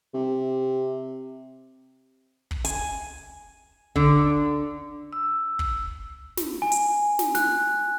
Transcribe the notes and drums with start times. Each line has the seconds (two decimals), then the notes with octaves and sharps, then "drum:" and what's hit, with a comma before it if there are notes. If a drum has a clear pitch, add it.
0.14 C3
2.51 drum: kick
2.65 G#5, drum: hi-hat
3.96 D3, drum: kick
5.13 E6
5.59 drum: kick
6.37 drum: snare
6.62 G#5
6.72 drum: hi-hat
7.19 drum: snare
7.35 F#6, drum: snare